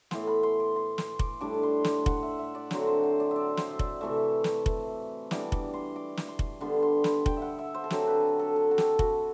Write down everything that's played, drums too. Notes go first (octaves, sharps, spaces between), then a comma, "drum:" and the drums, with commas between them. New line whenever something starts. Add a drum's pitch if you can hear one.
A2 E3 B3 C6, drum: snare
B5
C6
D6
C6
C6, drum: snare
D6, drum: kick F1
A2 G3 D4 D6
C6
C6, drum: snare
F#5, drum: kick F1
E5
E5
D5
D3 F#3 C4 D5, drum: snare
C5
C5
D5
D5 E5
C5, drum: snare
E5
D5, drum: kick F1
C3 E3 A3 E5
drum: snare
drum: kick F1
E3 G3 B3 D4 D6, drum: snare
D6, drum: kick F1
C6
D6
drum: snare
C6
drum: kick F1
D3 G3 B3 C6
C6
B5, drum: snare
G5, drum: kick F1
E5 F#5
E5
C5
A4
D3 F#3 C4 G4, drum: snare
B4
A4
A4
F#4
G4, drum: snare
F#4, drum: kick F1